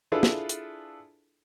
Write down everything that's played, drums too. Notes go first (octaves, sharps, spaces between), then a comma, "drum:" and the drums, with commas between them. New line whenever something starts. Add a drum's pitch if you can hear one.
D4 E4 F4 G#4 A4 B4
drum: snare
drum: hi-hat